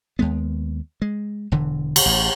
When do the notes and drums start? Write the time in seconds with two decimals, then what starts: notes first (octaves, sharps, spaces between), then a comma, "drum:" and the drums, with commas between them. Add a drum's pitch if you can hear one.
0.19 D#2 G#3 B3
1.02 G#3
1.52 E1 D3 E3
1.96 drum: cymbal
2.06 A1